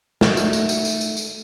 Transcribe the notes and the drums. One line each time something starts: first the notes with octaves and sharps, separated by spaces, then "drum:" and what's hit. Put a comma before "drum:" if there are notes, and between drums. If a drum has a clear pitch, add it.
A3 D#4 F#4, drum: snare
drum: tambourine
drum: tambourine
drum: tambourine
drum: tambourine
drum: tambourine
drum: tambourine